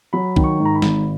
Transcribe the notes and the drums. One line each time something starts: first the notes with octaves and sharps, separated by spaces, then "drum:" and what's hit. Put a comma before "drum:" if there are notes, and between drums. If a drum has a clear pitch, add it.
F#3 B5
D#3, drum: kick B1
C#6
G#2
A#5
B5
G#1, drum: snare